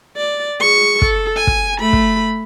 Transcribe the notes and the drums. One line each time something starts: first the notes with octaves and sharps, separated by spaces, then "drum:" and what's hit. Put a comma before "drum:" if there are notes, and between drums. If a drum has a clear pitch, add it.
D5
G#4 C#6
A4, drum: kick
G#5
drum: kick
A3 B5
drum: kick